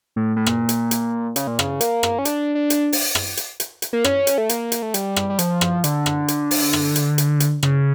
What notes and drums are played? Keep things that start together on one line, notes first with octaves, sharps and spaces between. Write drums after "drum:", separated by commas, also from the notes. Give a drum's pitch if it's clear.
A2
A2
A#2, drum: rim click
drum: hi-hat
drum: hi-hat
C#3, drum: hi-hat
A#2
C#3, drum: rim click
A#3, drum: hi-hat
drum: rim click
C#4
D4, drum: hi-hat
D4
drum: hi-hat
drum: open hi-hat
drum: rim click
drum: hi-hat
drum: hi-hat
drum: hi-hat
A#3
C#4, drum: rim click
drum: hi-hat
A3
A#3, drum: hi-hat
drum: hi-hat
A3
G3, drum: hi-hat
drum: rim click
G3
F3, drum: hi-hat
drum: rim click
D3, drum: hi-hat
drum: rim click
drum: hi-hat
drum: open hi-hat
drum: rim click
drum: hi-hat
drum: hi-hat
drum: hi-hat
C#3, drum: rim click